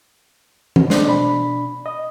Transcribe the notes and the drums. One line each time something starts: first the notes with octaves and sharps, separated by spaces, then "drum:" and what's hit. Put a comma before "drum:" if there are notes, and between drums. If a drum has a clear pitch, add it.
drum: tom
D4 C5, drum: snare
B2 B5
D#5